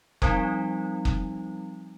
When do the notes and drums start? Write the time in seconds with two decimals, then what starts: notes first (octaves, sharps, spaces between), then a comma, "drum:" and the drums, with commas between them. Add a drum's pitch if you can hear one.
0.22 F3 G3 C4 D#4, drum: kick
1.05 drum: kick